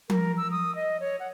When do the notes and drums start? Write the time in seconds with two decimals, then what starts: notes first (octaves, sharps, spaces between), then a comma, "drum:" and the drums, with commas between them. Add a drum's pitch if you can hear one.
0.10 A#4, drum: tom F3
0.37 E6
0.51 D#6
0.75 D#5
1.00 C#5
1.20 F#5